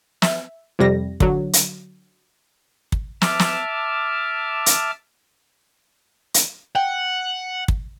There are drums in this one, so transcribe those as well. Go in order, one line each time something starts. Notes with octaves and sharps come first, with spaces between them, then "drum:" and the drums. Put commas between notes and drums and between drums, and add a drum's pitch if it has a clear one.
E5, drum: snare
F2 C3 G3 A#6
D3 F#3, drum: kick
drum: hi-hat
drum: kick
E5 A5 D6 F6, drum: snare
drum: snare
drum: hi-hat
drum: hi-hat
F#5 G5
drum: kick